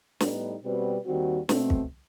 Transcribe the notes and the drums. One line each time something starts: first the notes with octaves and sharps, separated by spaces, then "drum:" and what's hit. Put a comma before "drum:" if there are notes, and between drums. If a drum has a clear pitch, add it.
A2 G3 B3 D#4, drum: snare
B2 G3 C4 F#4 B4
D#2 D#3 G3 C4 F#4
B2 A3 C4, drum: snare
drum: kick